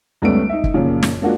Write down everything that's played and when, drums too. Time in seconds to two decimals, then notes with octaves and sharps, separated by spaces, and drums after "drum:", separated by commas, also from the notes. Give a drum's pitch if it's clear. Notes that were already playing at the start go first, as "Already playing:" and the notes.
0.22 C#2 G3 A3 B3 C#4 D7
0.49 D#4 E5
0.64 drum: kick
0.74 F#2 A#2 C#3 F3
1.03 drum: snare
1.22 G#3 A#3 D4 F4 F#4